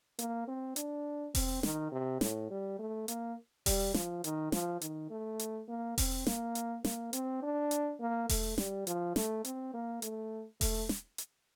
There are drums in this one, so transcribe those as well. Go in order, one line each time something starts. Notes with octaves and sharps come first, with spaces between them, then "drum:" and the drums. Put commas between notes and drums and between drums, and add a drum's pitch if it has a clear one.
A#3, drum: hi-hat
C4
D4, drum: hi-hat
C4, drum: kick E1, open hi-hat
D#3, drum: snare
C3
A2, drum: snare
G3
A3
A#3, drum: hi-hat
G3, drum: kick E1, open hi-hat
F3, drum: snare
D#3, drum: hi-hat
F3, drum: snare
D#3, drum: hi-hat
A3
drum: hi-hat
A#3
C4, drum: kick E1, open hi-hat
A#3, drum: snare
drum: hi-hat
A#3, drum: snare
C4, drum: hi-hat
D4
drum: hi-hat
A#3
A3, drum: kick E1, open hi-hat
G3, drum: snare
F3, drum: hi-hat
A3, drum: snare
C4, drum: hi-hat
A#3
A3, drum: hi-hat
A3, drum: kick E1, open hi-hat
drum: snare
drum: hi-hat